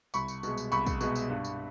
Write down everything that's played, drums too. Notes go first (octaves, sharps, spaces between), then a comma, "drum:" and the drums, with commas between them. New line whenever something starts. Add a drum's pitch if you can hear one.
C2 B5 C#6, drum: tambourine
drum: tambourine
B2 G#3, drum: tambourine
drum: tambourine
C2 B5 C#6, drum: tambourine
drum: kick, tambourine
B2 G#3, drum: tambourine
drum: tambourine
G2
drum: tambourine